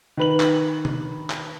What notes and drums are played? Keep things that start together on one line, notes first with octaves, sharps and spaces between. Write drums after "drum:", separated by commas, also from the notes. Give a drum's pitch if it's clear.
D#3 B4 F#7
drum: clap
drum: tom C3
drum: clap